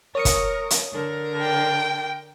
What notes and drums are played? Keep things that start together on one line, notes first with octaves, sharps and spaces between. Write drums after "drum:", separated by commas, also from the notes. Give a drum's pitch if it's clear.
A#4 C#5 D#6 C#7
drum: kick, hi-hat
drum: hi-hat
D3 A#4
G5